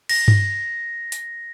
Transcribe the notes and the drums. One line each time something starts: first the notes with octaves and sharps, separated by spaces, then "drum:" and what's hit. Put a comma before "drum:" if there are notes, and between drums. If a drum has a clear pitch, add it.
A#6, drum: cymbal
drum: tom G2
drum: hi-hat